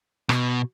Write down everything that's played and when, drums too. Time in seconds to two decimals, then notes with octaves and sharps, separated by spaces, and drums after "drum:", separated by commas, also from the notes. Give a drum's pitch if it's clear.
0.29 B2, drum: rim click